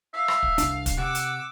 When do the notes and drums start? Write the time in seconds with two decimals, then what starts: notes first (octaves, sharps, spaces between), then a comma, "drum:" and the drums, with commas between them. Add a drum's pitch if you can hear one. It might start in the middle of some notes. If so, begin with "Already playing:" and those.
0.14 E5 F5
0.28 drum: rim click
0.43 drum: kick
0.58 C2 D4, drum: hi-hat
0.86 drum: kick, hi-hat
0.98 C3 F#5 D6 E6
1.15 drum: hi-hat